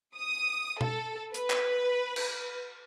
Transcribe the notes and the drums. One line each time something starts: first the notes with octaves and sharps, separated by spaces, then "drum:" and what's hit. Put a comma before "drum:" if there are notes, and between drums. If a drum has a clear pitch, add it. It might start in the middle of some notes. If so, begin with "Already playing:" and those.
D#6
A4, drum: tom B2
B4, drum: hi-hat
drum: clap
drum: cymbal